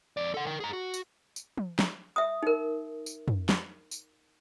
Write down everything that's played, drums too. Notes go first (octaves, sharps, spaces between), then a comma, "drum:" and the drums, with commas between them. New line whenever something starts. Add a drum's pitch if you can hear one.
F2 D5
A4 F#5
A#4 G5
G#4 A#5
F#4
drum: tambourine
drum: tambourine
drum: tom
drum: snare
E5 D#6
D#4 A#4
drum: tambourine
drum: tom
drum: snare
drum: tambourine